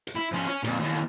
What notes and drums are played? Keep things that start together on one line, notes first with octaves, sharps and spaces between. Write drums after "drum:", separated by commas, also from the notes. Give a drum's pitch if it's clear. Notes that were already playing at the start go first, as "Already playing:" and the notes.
drum: hi-hat
E4
F3 C#4
C#4
F2 A#2, drum: hi-hat
D#2 E3